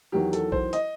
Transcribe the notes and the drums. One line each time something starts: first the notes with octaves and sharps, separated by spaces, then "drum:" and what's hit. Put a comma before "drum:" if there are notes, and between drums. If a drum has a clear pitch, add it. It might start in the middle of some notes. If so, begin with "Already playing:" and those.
E2 D#3 F#3 G4
A4, drum: hi-hat
C5, drum: kick A#1
D#5, drum: hi-hat